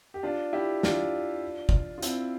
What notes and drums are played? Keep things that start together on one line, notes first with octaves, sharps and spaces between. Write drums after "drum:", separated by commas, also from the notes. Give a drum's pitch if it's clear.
G4
D4 F4
E4 G4
D4 F4, drum: snare
drum: kick
F4
C4 E4, drum: hi-hat